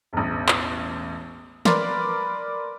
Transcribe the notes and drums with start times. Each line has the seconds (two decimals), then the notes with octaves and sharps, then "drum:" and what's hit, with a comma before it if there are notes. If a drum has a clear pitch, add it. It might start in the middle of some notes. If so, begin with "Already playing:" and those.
0.13 E1 A1
0.48 drum: clap
1.65 A#4 B4 D5 B5 C6, drum: snare